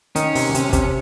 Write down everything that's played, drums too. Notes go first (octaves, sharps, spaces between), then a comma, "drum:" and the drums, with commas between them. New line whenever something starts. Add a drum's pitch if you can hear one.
D#3 C#4, drum: hi-hat
C3, drum: open hi-hat
C3, drum: hi-hat
C3, drum: kick, hi-hat